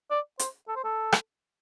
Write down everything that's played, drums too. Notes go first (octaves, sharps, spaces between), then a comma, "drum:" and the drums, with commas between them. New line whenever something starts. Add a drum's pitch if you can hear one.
D5
C5, drum: hi-hat
A4
C5
A4
drum: rim click